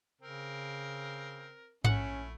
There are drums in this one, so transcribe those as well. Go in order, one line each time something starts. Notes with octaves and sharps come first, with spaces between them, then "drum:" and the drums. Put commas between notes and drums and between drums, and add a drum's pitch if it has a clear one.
C#3 C4 A#4
A#1 A3 C#4 E4 F#5, drum: tom G#2